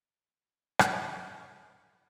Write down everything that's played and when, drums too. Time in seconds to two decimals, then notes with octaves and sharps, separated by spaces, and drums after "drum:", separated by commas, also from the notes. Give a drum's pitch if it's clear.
0.18 G#5 B5
0.79 drum: rim click